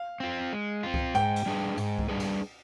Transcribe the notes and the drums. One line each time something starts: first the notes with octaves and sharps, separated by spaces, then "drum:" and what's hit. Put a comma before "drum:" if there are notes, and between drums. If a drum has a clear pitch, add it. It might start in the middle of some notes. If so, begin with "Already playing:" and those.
Already playing: F5
C4 F4
G#3
C4 F4
drum: kick C2
G#2 G5, drum: snare
drum: cymbal
G3 D4 G#4 B4
G#2, drum: cymbal
drum: kick C2
G3 D4 G#4 B4
drum: cymbal